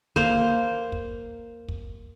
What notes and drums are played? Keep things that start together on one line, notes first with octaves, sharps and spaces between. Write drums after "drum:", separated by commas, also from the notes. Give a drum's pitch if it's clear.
A#3 C5, drum: kick
drum: kick
drum: kick